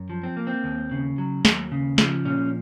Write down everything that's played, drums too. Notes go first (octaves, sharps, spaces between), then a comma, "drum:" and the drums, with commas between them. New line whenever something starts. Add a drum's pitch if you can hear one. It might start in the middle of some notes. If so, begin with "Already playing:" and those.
Already playing: F#2
F3
C4
A#3
C4
D#2
C#3
F#3
D#2, drum: snare
C#3
F3, drum: snare
A#2 C#4